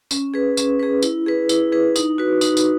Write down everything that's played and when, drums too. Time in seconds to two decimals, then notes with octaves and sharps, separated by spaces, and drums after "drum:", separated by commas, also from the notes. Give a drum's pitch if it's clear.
0.11 C#4, drum: tambourine
0.34 G#4 B4
0.57 C#4, drum: tambourine
0.80 G#4 B4
1.03 E4, drum: tambourine
1.26 G#4 B4
1.49 E4, drum: tambourine
1.72 G#4 B4
1.96 D#4, drum: tambourine
2.18 F#4 B4
2.41 D#4, drum: tambourine
2.57 drum: tambourine